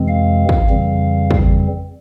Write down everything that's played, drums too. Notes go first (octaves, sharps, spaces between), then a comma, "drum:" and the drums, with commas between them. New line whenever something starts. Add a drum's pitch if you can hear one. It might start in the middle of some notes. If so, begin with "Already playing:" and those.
Already playing: F2 C3 E3 G#3 C4
F5
drum: kick
F2 C#3 E3 G3 C4
drum: kick